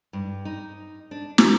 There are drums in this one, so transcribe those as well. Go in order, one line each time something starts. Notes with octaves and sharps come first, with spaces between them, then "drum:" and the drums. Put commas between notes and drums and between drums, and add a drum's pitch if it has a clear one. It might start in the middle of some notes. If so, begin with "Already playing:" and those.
G2
D#4
D4
A#4, drum: snare